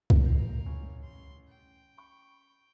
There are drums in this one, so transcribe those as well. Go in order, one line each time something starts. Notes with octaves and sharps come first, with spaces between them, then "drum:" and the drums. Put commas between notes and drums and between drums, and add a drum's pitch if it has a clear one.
drum: kick C#2
A#4 F5 G6 A#6
A1 G3 C#4
C6
G5
B5 C#6